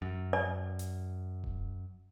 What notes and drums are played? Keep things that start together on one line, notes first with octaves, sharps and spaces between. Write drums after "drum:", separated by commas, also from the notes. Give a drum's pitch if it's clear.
F#2
D5
drum: hi-hat
drum: kick D#1